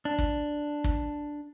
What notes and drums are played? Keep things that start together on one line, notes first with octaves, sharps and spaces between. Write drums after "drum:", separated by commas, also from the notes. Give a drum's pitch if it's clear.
D4
drum: kick
drum: kick